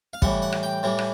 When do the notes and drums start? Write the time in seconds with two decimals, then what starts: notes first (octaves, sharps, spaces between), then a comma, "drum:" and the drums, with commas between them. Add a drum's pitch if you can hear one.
0.13 F5
0.22 A2 E3 G3 F#5, drum: kick
0.42 F#5
0.52 drum: rim click
0.63 G5
0.83 A2 E3 G3
0.99 drum: rim click